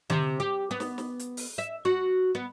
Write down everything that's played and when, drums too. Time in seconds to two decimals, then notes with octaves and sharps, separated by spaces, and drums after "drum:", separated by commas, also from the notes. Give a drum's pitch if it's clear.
0.10 C3, drum: tom D3
0.40 G4
0.71 B3
0.80 drum: snare
0.98 drum: snare
1.19 drum: hi-hat
1.37 drum: open hi-hat
1.58 E5
1.85 F#4
2.35 B3